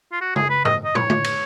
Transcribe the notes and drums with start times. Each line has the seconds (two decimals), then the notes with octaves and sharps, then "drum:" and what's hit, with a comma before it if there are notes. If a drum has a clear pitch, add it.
0.12 F4
0.21 F#4
0.36 G#4, drum: tom C#3
0.50 B4
0.65 D#5, drum: tom G#2
0.85 D#5
0.95 C#5, drum: tom
1.10 drum: tom
1.24 drum: cymbal